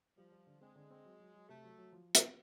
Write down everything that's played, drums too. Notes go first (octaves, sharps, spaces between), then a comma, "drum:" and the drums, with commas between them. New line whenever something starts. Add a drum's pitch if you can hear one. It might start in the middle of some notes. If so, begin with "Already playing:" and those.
F3 G3
G3
D3
G#3 C4
D3
C4
F#3
F#3
F#3
C3 A3
F#3
F#3
F3
drum: hi-hat